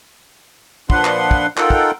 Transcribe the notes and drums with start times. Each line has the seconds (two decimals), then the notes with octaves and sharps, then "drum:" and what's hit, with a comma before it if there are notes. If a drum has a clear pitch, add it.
0.90 A#2 F3 D4 B4 F#5 C6, drum: kick
1.05 drum: clap
1.31 drum: kick
1.57 D#4 F4 A4 A#4 F#5 G5, drum: clap
1.70 drum: kick